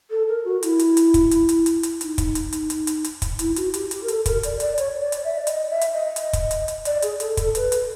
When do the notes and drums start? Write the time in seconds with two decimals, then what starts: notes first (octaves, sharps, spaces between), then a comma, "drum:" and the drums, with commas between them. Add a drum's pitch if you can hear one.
0.10 A4
0.28 A#4
0.44 F#4
0.63 E4, drum: hi-hat
0.79 drum: hi-hat
0.97 drum: hi-hat
1.14 drum: kick, hi-hat
1.31 drum: hi-hat
1.49 drum: hi-hat
1.66 drum: hi-hat
1.83 drum: hi-hat
2.01 D#4, drum: hi-hat
2.18 drum: kick, hi-hat
2.35 drum: hi-hat
2.53 drum: hi-hat
2.70 drum: hi-hat
2.87 drum: hi-hat
3.04 drum: hi-hat
3.22 drum: kick, hi-hat
3.39 E4, drum: hi-hat
3.56 F#4, drum: hi-hat
3.74 G4, drum: hi-hat
3.91 G4, drum: hi-hat
4.03 A#4
4.08 A4, drum: hi-hat
4.26 A#4, drum: kick, hi-hat
4.43 D5, drum: hi-hat
4.60 D5, drum: hi-hat
4.78 C#5, drum: hi-hat
5.00 D5
5.12 drum: hi-hat
5.24 E5
5.37 D5
5.47 D#5, drum: hi-hat
5.69 E5
5.81 drum: hi-hat
5.93 D#5
6.16 drum: hi-hat
6.33 drum: kick, hi-hat
6.51 drum: hi-hat
6.68 drum: hi-hat
6.85 D5, drum: hi-hat
7.02 G#4, drum: hi-hat
7.20 A4, drum: hi-hat
7.37 A4, drum: kick, hi-hat
7.55 B4, drum: hi-hat
7.72 drum: hi-hat